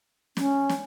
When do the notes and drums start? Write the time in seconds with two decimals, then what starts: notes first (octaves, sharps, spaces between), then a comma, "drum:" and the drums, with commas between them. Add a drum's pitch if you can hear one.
0.37 C#4, drum: snare
0.69 drum: snare